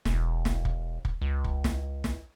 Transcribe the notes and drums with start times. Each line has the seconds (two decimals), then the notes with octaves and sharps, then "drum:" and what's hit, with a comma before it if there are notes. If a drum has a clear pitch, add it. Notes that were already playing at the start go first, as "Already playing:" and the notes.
0.05 E1, drum: snare
0.45 drum: snare
0.65 drum: kick
1.05 drum: kick
1.22 C#2
1.44 drum: kick
1.64 drum: snare
2.04 drum: snare